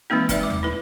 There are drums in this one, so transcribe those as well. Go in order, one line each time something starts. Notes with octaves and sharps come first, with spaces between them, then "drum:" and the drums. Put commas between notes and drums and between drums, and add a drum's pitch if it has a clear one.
E3 G#3 A#3 C4 D#4
A3 D#4 B4 D5 E5, drum: kick F#1, hi-hat
G#3 D6
drum: tom
E4 B4